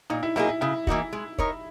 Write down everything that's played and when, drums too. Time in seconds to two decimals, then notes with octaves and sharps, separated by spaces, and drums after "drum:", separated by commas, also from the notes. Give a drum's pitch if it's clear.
0.10 A#2 D#4
0.23 E4
0.36 F#3 A#3 D#4 E4 G#4
0.48 E4
0.61 C#3 E4
0.87 E3 A#3 D#4 F#4, drum: kick
1.13 G#3
1.38 D#4 A#4 C#5, drum: kick